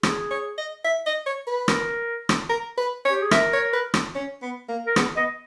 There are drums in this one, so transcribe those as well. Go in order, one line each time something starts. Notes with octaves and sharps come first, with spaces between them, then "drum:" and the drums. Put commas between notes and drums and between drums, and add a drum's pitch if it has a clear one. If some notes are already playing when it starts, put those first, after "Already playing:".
G#4, drum: rim click
C#5
D#5
E5
D#5
C#5
B4
A#4, drum: rim click
drum: rim click
A#4
B4
C#5
G4
G#4
A#4 E5, drum: rim click
C#5
B4
drum: rim click
C#4
B3
A#3
A#4
B3 G#4, drum: rim click
B3 D#5